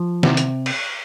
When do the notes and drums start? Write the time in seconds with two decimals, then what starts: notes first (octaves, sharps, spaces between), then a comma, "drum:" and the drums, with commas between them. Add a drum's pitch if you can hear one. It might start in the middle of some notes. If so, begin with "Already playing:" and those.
Already playing: F3
0.23 C3, drum: snare
0.37 drum: hi-hat
0.66 drum: cymbal